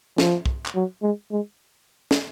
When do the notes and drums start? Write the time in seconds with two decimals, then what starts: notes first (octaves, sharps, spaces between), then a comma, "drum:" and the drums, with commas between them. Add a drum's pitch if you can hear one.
0.18 F3, drum: snare
0.46 drum: kick
0.66 drum: clap
0.76 F#3
1.03 G#3
1.31 G#3
2.11 drum: snare